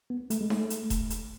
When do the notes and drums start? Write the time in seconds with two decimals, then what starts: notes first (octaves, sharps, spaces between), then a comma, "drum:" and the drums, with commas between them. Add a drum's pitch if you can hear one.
0.10 B3
0.30 A3, drum: hi-hat
0.41 G#3
0.50 A3, drum: snare D#4
0.70 drum: hi-hat
0.90 drum: kick E1, hi-hat
1.10 drum: hi-hat